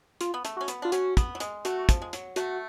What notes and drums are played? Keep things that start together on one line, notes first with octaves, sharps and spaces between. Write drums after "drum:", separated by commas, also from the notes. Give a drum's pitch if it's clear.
F4, drum: hi-hat
B3
A3, drum: hi-hat
C#4 F#4
B3, drum: hi-hat
D4 F4
C#4 F#4, drum: hi-hat
B3, drum: kick, hi-hat
F#3
G#3, drum: hi-hat
A3 F#4, drum: hi-hat
F3, drum: kick, hi-hat
G#3
F#3, drum: hi-hat
A3 F#4, drum: hi-hat